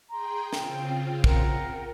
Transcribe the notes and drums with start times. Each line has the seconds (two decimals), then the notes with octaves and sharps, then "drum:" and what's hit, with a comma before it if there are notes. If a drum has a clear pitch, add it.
0.11 G#4 G5 A#5 C6
0.53 C#3 C4 F4 G5, drum: snare
1.24 A#4 F#5 G5, drum: kick